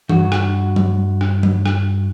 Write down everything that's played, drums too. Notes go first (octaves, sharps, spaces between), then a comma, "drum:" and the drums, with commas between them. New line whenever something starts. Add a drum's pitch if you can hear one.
G2 F#4, drum: tom E3
drum: rim click
drum: tom F#3
drum: rim click
drum: tom F#3
drum: rim click